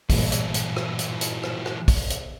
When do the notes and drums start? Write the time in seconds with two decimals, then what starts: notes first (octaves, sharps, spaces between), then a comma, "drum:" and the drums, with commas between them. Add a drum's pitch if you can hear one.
0.10 G2 A#2 E3 F#3, drum: kick, open hi-hat
0.32 drum: hi-hat
0.54 drum: hi-hat
0.76 drum: rim click
0.99 drum: hi-hat
1.21 drum: hi-hat
1.43 drum: rim click
1.66 drum: rim click
1.88 drum: kick, open hi-hat
2.10 drum: hi-hat